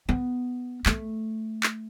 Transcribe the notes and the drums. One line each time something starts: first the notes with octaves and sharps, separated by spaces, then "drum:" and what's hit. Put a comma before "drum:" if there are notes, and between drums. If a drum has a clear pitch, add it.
B3
A3, drum: clap
drum: clap